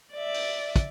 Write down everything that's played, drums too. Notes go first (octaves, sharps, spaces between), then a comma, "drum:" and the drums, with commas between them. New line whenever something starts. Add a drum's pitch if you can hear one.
D5 E5
drum: open hi-hat
drum: kick, hi-hat